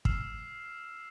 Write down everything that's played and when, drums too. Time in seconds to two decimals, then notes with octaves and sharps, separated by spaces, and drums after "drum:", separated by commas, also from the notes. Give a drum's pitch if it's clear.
0.05 E6 F6 C7 E7, drum: kick